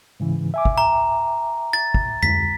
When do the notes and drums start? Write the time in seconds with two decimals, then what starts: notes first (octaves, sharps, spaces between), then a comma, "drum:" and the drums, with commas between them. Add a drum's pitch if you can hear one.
0.20 G#2 C#3 E3
0.54 E5 G#5 D6
0.65 drum: kick
0.78 A#5
1.73 A6
1.94 drum: kick
2.23 B6, drum: tom